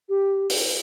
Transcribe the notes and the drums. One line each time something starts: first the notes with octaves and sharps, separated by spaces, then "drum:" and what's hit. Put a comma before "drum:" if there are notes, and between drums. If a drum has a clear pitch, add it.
G4
drum: open hi-hat